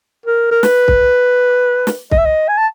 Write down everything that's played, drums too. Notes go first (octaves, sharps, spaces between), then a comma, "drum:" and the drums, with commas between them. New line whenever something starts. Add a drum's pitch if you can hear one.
A#4
A#4
B4, drum: snare
drum: kick C2
drum: snare
D#5, drum: kick C2
E5
D#5
G#5
A5